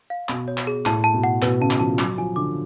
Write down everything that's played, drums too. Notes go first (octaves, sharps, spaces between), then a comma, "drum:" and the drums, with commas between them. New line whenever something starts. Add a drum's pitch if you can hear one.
F5
B2 B5, drum: clap
C#5
drum: clap
G#4
A2 A5, drum: clap
A5
B2
F#5
B2 B4, drum: clap
C#3 A5
drum: clap
F3 A5
F3
F#3 D6, drum: clap
F3 G#5
D3 D6